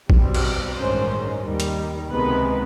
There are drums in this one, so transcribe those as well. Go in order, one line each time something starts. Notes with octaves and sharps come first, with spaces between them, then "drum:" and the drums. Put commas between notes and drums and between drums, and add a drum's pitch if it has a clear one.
B1 B2 G3 C4, drum: kick A1
drum: cymbal
A1 G2 D#3 G#3 C#4 C5
D#2 D#3 G3
drum: hi-hat
C#2 C3 D#3 G#3 B3 B4